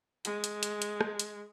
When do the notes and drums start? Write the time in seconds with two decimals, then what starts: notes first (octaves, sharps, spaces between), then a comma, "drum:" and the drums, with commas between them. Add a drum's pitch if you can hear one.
0.25 G#3, drum: hi-hat
0.44 drum: hi-hat
0.63 drum: hi-hat
0.82 drum: hi-hat
1.01 drum: rim click
1.20 drum: hi-hat